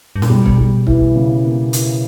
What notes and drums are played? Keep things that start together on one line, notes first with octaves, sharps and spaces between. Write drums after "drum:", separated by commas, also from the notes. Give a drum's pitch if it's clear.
G2
A#2, drum: snare C#4
B2 G3
drum: kick C#1
G3
E3, drum: kick C#1
C#3
A#3
E3, drum: hi-hat